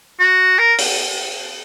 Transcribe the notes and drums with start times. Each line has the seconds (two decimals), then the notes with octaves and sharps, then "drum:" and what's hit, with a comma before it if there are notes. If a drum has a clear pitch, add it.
0.19 F#4
0.58 A#4
0.79 drum: open hi-hat